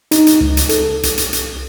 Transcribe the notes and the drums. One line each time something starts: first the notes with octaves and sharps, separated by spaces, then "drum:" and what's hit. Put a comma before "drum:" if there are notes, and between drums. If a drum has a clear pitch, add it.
D#4, drum: hi-hat
drum: hi-hat
C#2
drum: hi-hat
A4, drum: hi-hat
C2, drum: hi-hat
drum: hi-hat
drum: hi-hat